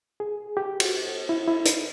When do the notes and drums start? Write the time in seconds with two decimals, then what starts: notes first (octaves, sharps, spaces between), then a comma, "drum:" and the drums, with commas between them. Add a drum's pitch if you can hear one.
0.20 G#4
0.57 G4
0.80 F#4, drum: cymbal
1.29 E4
1.48 E4
1.65 D#4, drum: hi-hat